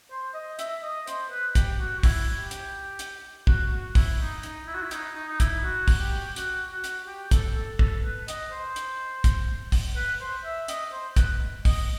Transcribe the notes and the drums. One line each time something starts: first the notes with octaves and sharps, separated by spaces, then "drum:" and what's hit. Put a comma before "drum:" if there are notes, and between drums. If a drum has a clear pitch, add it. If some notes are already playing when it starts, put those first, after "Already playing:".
C5
D#5
E5, drum: hi-hat
D#5
C5, drum: hi-hat
B4
G4, drum: kick, hi-hat
F#4
F#4
E4, drum: kick, open hi-hat
G4
drum: hi-hat
drum: hi-hat
F#4, drum: kick
F#4
E4, drum: kick, open hi-hat
D#4
D#4, drum: hi-hat
E4
F#4
E4
D#4, drum: hi-hat
D#4
D#4
E4, drum: kick, hi-hat
F#4
drum: kick, open hi-hat
G4
F#4, drum: hi-hat
F#4
drum: hi-hat
G4
A4, drum: kick, hi-hat
A4
A4, drum: kick
B4
D#5, drum: hi-hat
C5
drum: hi-hat
drum: kick, hi-hat
drum: kick, open hi-hat
B4
C5
E5
D#5, drum: hi-hat
C5
B4, drum: kick, hi-hat
D#5, drum: kick, open hi-hat